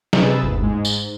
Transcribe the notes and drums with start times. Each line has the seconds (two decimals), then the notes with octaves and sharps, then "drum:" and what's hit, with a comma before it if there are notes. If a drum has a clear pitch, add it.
0.13 C3 G#4 B4 E6 A6, drum: snare
0.43 G1 D#2
0.62 G#2 G#3
0.85 G#2, drum: tambourine